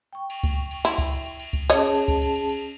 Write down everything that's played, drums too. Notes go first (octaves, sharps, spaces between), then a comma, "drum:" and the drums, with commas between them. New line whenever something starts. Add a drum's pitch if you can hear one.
G5 C#6
drum: cymbal
drum: kick C#2, cymbal
drum: cymbal
E4, drum: cymbal
drum: kick C#2, cymbal
drum: cymbal
drum: cymbal
drum: cymbal
drum: kick C#2, cymbal
C#4 G#4 C#5 D#5 A5, drum: cymbal
drum: cymbal
drum: cymbal
drum: kick C#2, cymbal
drum: cymbal
drum: cymbal
drum: cymbal